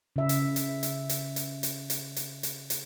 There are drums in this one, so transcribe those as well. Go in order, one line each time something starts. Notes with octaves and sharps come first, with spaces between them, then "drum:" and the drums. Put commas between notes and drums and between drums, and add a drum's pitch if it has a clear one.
C#3 E5
drum: hi-hat
drum: hi-hat
drum: hi-hat
drum: hi-hat
drum: hi-hat
drum: hi-hat
drum: hi-hat
drum: hi-hat
drum: hi-hat
drum: hi-hat